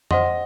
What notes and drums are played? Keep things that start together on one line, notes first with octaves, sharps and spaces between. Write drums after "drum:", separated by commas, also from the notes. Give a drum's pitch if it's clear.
C5 D#5 F#5 C6, drum: tom F2